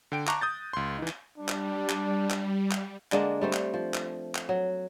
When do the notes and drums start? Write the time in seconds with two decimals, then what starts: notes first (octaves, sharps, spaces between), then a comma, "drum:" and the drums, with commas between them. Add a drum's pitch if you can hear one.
0.12 D3 G5 D7
0.27 A5 A#5 C#6 D6 F#6 A#6, drum: clap
0.41 D#6 G6 A6
0.73 C#2 C6
0.98 E3 D#4
1.08 drum: clap
1.38 G3 D4
1.49 drum: clap
1.89 drum: clap
2.30 drum: clap
2.71 drum: clap
3.12 D3 G#3 A#3 D4, drum: clap
3.41 G3 A3 C4
3.53 drum: clap
3.74 F3
3.94 drum: clap
4.35 drum: clap
4.49 F#3